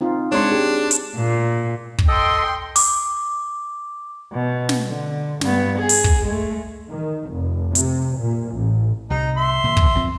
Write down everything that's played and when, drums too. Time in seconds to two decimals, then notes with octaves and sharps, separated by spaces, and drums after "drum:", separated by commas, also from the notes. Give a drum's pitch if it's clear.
0.01 C4 D#4 F4
0.32 G#3 C4 D4 C#5 C6
0.52 G4 G#4
0.91 drum: hi-hat
1.16 A#2
1.98 drum: kick
2.08 A4 D#5 G5 C6
2.76 D6, drum: open hi-hat
4.32 B2
4.69 drum: snare
4.86 D3
5.41 G2 B3, drum: snare
5.78 G#4
5.89 drum: open hi-hat
6.04 drum: kick
6.25 G#3 A3
6.90 D#3
7.30 F1
7.75 C3, drum: hi-hat
8.20 A#2
8.55 A1
9.10 C2 C3 D#4
9.37 E5 C6
9.64 A#2 D3 E3
9.77 drum: kick
9.95 A#1 F3 C4